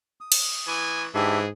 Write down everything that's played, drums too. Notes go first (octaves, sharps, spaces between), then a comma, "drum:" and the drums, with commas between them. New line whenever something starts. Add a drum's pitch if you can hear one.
D#6
drum: cymbal
E3 G#5
G#2 E3 D4 G4 G#4 E5